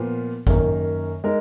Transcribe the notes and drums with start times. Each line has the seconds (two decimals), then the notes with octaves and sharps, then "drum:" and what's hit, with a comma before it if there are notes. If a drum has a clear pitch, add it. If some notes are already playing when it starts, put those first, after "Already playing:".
Already playing: A#2 F3 B3 F4
0.47 F#2 D#3 A#3, drum: kick G#1
1.24 G#3 D#4 A#4